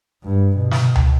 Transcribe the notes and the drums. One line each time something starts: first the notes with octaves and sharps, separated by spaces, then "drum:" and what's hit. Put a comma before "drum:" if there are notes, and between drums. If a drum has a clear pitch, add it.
G2
B2
drum: snare
drum: tom C#2